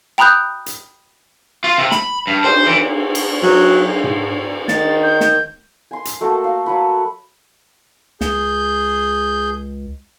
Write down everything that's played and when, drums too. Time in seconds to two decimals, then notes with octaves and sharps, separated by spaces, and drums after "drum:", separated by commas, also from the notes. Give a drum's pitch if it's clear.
0.18 G5 A#5 B5 D#6 F#6 G6
0.66 drum: hi-hat
1.64 F4
1.78 C3
1.92 B5, drum: snare
2.27 G2
2.44 C5, drum: cymbal
2.66 E3
3.15 drum: cymbal
3.43 F#3, drum: cymbal
4.04 drum: tom G#2
4.68 D#3 A6, drum: snare
5.03 G6
5.21 drum: snare
5.91 G#5 C6
6.05 drum: hi-hat
6.21 A3 A#3 F#4 A4
6.44 F5
6.66 F#3 F#4 B4
8.21 C#2 G#4 G6, drum: snare